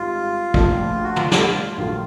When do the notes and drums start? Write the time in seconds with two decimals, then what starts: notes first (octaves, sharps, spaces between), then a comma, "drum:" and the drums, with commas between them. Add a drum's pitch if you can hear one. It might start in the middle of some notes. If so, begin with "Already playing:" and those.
Already playing: G#1 G#2 G3 F4
0.54 A#1 A2 F3 A#3 D4, drum: kick
1.04 F#4
1.16 F4, drum: tom
1.31 drum: snare
1.77 A#1 G#2 D#3 F#3 A3 F4